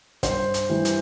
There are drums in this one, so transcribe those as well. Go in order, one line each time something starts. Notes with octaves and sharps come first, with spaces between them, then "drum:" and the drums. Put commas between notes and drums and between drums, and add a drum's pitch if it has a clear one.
G2 C5, drum: kick, hi-hat
drum: hi-hat
E3 G3
drum: hi-hat